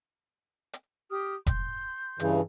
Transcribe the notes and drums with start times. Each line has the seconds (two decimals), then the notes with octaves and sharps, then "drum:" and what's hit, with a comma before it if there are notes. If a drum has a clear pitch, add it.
0.73 drum: hi-hat
1.10 G4 D#6 F6
1.46 C6 G6, drum: kick F1, hi-hat
2.20 G2 C#3 E3, drum: hi-hat